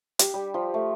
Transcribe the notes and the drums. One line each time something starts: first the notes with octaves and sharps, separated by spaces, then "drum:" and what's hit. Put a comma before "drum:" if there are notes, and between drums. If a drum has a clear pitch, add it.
G4, drum: hi-hat
G3
F3
A3